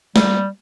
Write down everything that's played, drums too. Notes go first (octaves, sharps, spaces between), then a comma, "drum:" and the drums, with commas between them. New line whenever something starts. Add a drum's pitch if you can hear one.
G3, drum: snare